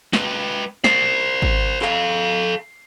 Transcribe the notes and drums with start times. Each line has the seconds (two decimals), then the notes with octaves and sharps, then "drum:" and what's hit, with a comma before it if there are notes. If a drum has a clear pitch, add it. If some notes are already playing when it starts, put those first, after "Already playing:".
0.13 G#3 B4, drum: snare
0.84 C5 D5 C7, drum: snare
1.42 drum: kick G#1
1.82 A4 F5, drum: clap